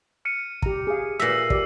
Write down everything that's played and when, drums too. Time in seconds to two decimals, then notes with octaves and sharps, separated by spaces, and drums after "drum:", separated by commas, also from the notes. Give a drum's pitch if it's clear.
0.25 F6 C#7 D#7
0.62 G4 A#5, drum: kick
0.87 G#4 F5
1.20 A#2 E5 E6 A#6 C7
1.50 G4 D5, drum: kick